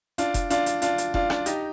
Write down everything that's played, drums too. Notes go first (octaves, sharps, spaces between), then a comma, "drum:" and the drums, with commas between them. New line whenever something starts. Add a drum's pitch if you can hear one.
D4 F4, drum: hi-hat
drum: kick F1, hi-hat
D4 F4, drum: hi-hat
drum: hi-hat
D4 F4, drum: hi-hat
drum: hi-hat
D4 F4, drum: kick F1
D4 F4, drum: rim click
D#4 G4, drum: hi-hat